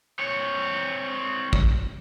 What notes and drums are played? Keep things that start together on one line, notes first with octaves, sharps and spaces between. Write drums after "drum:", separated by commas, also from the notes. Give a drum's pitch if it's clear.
C4 C#5
drum: kick